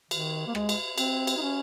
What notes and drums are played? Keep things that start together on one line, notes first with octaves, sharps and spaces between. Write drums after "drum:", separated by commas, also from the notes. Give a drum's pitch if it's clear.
D#3, drum: cymbal
A#3
G#3, drum: rim click
drum: cymbal
C4, drum: cymbal
drum: cymbal
D#4
C#4